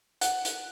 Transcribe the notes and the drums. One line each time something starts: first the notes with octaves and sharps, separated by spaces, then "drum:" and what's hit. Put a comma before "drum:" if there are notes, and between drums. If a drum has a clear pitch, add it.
F#5, drum: hi-hat
drum: hi-hat